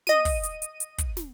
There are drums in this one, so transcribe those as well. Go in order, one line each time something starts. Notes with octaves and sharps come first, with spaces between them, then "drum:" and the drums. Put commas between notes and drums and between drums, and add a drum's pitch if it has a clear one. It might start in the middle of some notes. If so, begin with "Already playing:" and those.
D#5 D#7, drum: snare
drum: kick, open hi-hat
drum: hi-hat
drum: hi-hat
drum: hi-hat
drum: kick, hi-hat
drum: snare